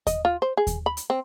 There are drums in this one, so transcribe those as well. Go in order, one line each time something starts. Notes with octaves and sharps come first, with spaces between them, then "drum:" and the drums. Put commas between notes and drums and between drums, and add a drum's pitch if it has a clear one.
D#5, drum: kick D#2, hi-hat
F4
C5
G#4
drum: kick D#2, hi-hat
B5
drum: hi-hat
C4